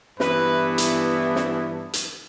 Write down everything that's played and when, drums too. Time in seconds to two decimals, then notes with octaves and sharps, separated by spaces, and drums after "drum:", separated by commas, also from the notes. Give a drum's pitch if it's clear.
0.20 G2 E3 B3 E4 B4, drum: snare
0.78 drum: hi-hat
1.36 drum: snare
1.93 drum: hi-hat